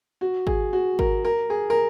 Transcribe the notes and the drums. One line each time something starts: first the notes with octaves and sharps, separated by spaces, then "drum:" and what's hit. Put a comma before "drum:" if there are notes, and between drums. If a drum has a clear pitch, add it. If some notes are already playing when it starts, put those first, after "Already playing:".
F#4
G#4, drum: kick G#1
F#4
A#4, drum: kick G#1
A#4
G#4
A#4